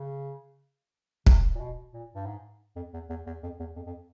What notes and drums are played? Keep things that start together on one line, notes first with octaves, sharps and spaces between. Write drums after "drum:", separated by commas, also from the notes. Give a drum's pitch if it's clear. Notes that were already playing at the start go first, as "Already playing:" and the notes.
Already playing: C#3
C3, drum: kick
A#2
B2
A#2
G2
G#2
F2
E2
E2
E2
F2
E2
F2
F2